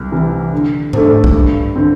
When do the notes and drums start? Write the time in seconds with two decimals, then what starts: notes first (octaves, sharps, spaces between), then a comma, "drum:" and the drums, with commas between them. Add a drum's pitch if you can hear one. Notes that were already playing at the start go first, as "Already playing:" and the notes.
Already playing: C2
0.11 C3 E3
0.53 D3
0.93 A3 D4 A4 C5, drum: tom G#2
1.24 drum: kick
1.34 G2
1.76 D3 C4